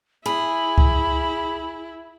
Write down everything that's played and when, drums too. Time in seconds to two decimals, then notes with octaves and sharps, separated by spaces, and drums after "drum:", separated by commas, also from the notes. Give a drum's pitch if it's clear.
0.26 E4 G#4 B5
0.78 drum: kick C2